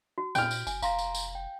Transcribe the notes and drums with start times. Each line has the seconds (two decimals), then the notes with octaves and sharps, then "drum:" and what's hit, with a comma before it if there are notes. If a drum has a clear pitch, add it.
0.18 F#4
0.35 A#2 G5 F6, drum: tambourine
0.51 drum: tambourine
0.67 F#1 G#5, drum: tambourine
0.82 F1 F5 A#5 C6 A#6, drum: tambourine
0.99 drum: tambourine
1.15 drum: tambourine
1.35 G5